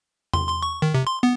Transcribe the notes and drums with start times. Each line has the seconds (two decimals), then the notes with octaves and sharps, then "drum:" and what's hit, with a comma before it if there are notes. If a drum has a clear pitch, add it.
0.33 C6, drum: tom E2
0.49 C6
0.63 C#6
0.82 D#3
0.95 C3
1.07 C6
1.23 B3